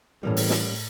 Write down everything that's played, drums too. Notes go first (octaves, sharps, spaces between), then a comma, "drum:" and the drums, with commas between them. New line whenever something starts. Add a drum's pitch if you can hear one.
A2 E3 G3 A#3 C#4
drum: open hi-hat
drum: snare